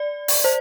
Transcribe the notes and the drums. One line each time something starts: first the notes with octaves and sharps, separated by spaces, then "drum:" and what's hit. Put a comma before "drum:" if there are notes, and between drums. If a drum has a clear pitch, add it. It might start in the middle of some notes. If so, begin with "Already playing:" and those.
Already playing: D5
drum: open hi-hat
C5